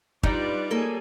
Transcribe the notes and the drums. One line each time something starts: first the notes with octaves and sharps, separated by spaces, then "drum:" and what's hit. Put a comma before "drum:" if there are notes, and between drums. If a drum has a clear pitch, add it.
G2 G3 D#4 F4 B4 D5, drum: kick
A#3 G#4 A4 C#5 G#5